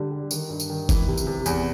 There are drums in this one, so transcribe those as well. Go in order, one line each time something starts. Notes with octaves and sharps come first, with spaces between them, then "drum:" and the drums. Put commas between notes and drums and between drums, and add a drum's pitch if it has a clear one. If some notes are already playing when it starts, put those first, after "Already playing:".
Already playing: D3 G3
G3
D#3, drum: tambourine
G2
drum: tambourine
D#3
E3, drum: kick F#1, tambourine
C3
drum: tambourine
C3
E2, drum: tambourine